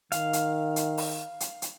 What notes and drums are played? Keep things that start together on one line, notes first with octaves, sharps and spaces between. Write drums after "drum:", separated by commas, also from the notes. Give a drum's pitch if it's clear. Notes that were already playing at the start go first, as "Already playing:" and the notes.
D#3 F5, drum: hi-hat
drum: hi-hat
drum: hi-hat
drum: open hi-hat
drum: hi-hat
drum: hi-hat